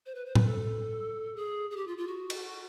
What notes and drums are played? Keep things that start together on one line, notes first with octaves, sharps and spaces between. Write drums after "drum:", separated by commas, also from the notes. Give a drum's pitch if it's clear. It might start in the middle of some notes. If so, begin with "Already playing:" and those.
C5
B4
C5
B4, drum: tom A2
A4
G#4
G#4
G4
F4
F4
F#4
drum: cymbal